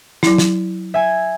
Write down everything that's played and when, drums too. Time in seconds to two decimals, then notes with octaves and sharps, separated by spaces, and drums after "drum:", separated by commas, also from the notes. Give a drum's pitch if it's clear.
0.23 F#3 E4, drum: snare
0.38 drum: snare
0.94 E5 G#5